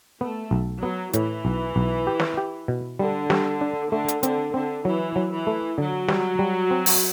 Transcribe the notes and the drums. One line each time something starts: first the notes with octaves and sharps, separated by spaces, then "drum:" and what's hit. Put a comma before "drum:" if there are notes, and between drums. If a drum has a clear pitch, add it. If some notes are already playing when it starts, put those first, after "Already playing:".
A3 B3
B1
F#3 B3
A2 E3, drum: hi-hat
B1
B1
G4
drum: snare
G4
B2
D3 G3
G3, drum: snare
D4
D3 A3
drum: hi-hat
D3 C4, drum: hi-hat
D3 C4
E3 F#3
F#3
E3
A3
D3 F#3
G3, drum: snare
G3
C4
drum: open hi-hat